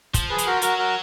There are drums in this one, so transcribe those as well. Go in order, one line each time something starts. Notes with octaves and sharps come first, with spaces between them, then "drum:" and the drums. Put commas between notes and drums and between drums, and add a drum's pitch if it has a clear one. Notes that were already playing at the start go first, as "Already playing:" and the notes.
F3, drum: kick, hi-hat
G#4 B4
F3, drum: hi-hat
F#4 A#4
F#3 F#4 A#4, drum: hi-hat
F#4 A#4